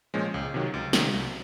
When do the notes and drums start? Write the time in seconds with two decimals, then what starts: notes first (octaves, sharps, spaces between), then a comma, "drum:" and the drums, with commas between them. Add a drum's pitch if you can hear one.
0.14 A#2 F3 G#3 C#4
0.34 C#2
0.54 C3 D#3 F#3
0.74 C#2
0.93 C3 D#3 F#3, drum: snare
1.14 C2